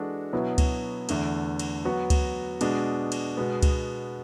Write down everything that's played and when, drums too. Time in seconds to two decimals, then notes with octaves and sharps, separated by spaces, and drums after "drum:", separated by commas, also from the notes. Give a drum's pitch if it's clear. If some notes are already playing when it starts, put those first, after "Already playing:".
Already playing: E3 G#3 D4 F#4 A4
0.33 B2 F#3 B3 E4
0.58 drum: kick C#2, cymbal
1.09 E2 D3 A3, drum: cymbal
1.59 drum: cymbal
1.85 F#3 B3 F#4
2.10 drum: kick C#2, cymbal
2.61 B2 G#3 D4, drum: cymbal
3.12 drum: cymbal
3.37 B2 G#3 B3
3.63 drum: kick C#2, cymbal